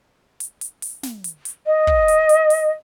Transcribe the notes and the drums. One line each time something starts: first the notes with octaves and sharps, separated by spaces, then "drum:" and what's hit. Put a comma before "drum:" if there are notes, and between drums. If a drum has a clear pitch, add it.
drum: hi-hat
drum: hi-hat
drum: open hi-hat
drum: snare
drum: hi-hat
drum: hi-hat
D#5
drum: kick
drum: hi-hat
drum: hi-hat
drum: open hi-hat